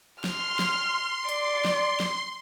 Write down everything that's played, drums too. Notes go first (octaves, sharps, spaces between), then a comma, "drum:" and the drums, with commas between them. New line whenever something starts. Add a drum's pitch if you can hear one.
C6 F6, drum: snare
drum: snare
D5, drum: hi-hat
drum: snare
drum: snare